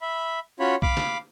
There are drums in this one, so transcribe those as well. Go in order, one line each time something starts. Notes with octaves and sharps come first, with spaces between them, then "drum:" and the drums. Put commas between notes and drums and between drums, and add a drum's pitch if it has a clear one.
E5 B5
C#4 F4 F#4 C#5 B5
F5 B5 D6, drum: kick B1
drum: snare